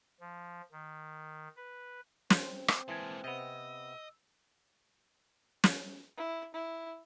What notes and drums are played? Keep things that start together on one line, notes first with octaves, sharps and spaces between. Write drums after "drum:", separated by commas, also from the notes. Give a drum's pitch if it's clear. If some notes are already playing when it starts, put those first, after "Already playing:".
F3
D#3
B4
C4 C5, drum: snare
drum: rim click
E3 G#3 A#3 G#5 A5
C3 B3 D#5 E6
drum: snare
E4
E4